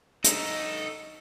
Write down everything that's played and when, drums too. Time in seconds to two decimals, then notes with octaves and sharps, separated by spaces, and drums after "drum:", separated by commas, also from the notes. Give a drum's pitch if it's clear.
0.24 D#4 A4, drum: hi-hat